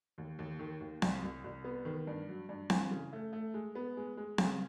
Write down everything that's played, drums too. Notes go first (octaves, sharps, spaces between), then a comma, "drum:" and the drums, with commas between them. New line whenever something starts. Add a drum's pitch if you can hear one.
D#2
D#2
D#3
D#2
C2, drum: snare C4
C2
C2
B3
D#3
G2
F#3
G2
E3, drum: snare C4
C#3
A3
A3
G#3
B3
G#3
G#3
C#3, drum: snare C4